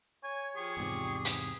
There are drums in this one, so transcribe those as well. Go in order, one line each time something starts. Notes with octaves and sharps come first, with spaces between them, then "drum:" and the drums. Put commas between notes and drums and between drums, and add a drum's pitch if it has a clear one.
C#5 G#5
F3 G4 G#4 C#6
E2 G#2 C3 D5
G#4
drum: hi-hat